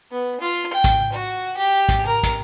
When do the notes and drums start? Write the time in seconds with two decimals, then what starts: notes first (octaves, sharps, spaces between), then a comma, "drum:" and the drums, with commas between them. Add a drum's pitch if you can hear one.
0.12 B3
0.41 F4
0.73 G5
0.84 drum: kick, hi-hat
1.12 F#4
1.57 G4
1.89 drum: kick, hi-hat
2.06 A#4
2.23 drum: kick, hi-hat